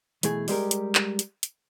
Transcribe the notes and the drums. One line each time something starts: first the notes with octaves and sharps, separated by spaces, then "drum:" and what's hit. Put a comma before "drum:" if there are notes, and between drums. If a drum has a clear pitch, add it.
B1 E3 A3 G#4, drum: hi-hat
G3 G#3 G4 A#4, drum: open hi-hat
drum: hi-hat
drum: clap
drum: hi-hat
drum: hi-hat